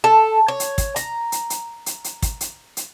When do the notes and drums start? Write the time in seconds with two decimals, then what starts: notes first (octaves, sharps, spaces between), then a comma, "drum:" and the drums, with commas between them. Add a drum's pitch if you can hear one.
0.04 A4
0.48 C#5
0.60 drum: hi-hat
0.78 drum: kick, hi-hat
0.96 A#5, drum: hi-hat
1.32 drum: hi-hat
1.50 drum: hi-hat
1.86 drum: hi-hat
2.04 drum: hi-hat
2.22 drum: kick, hi-hat
2.41 drum: hi-hat
2.77 drum: hi-hat